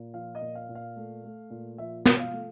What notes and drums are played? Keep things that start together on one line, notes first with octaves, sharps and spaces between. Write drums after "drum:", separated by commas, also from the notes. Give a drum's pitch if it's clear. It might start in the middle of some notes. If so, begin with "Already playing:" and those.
Already playing: A#2
F3 F5
D#5
A#2
F5
A#2
F5
A3
A3
A#2
F3 E5
F3, drum: snare
F5
A3